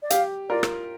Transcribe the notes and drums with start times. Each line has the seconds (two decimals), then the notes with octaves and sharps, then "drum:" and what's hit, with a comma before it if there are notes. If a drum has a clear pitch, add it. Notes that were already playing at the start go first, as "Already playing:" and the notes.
0.03 D5
0.10 G4 F5, drum: hi-hat
0.49 F4 A#4 D5
0.63 drum: rim click